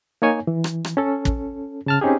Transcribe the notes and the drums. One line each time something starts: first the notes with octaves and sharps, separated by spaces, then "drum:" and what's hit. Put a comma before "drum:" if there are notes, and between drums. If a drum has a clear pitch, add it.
A#3 D#4 C#5 G#5
E3
drum: rim click
drum: rim click
C#4 A4
drum: kick
C#3 A5 F6
C4 C#4 D#4 G4 G#4